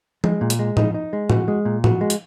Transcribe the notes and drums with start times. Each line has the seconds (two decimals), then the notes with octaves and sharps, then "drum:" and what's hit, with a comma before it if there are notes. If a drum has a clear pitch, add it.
0.24 G#3, drum: tom
0.41 A#2
0.50 drum: hi-hat
0.59 G#3
0.77 D#4, drum: tom
0.94 D#4
1.13 G#3
1.30 F#4, drum: tom
1.48 G#3
1.65 A#2
1.84 F#4, drum: tom
2.01 G#3
2.10 drum: hi-hat